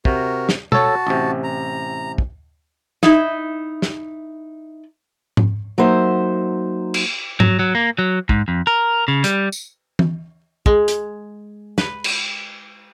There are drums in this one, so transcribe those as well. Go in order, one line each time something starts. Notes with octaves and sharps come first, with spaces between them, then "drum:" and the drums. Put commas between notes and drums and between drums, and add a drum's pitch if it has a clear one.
C3 F#4 A#4, drum: kick
drum: snare
F#4 A4 C#5 A5, drum: tom B2
A1 C3
A#5
drum: kick
D#4 E4, drum: snare
drum: snare
drum: tom G#2
F#3 A#3 D#4 C5 E5
drum: cymbal
F#3, drum: tom G#2
F#3
A#3
F#3
G#2, drum: kick
F2
A#4
C#3
G3, drum: hi-hat
drum: tambourine
drum: tom E3
G#3, drum: kick
drum: hi-hat
B4, drum: snare
drum: cymbal